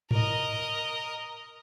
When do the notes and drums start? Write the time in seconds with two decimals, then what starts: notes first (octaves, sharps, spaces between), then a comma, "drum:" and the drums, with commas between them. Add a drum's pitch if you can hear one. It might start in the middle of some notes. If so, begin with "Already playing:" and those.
0.11 A#4 D#5, drum: tom G#2